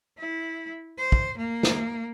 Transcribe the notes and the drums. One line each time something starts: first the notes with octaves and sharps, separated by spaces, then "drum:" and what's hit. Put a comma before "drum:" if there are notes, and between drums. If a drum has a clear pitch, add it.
E4
C5
drum: kick
A#3
drum: snare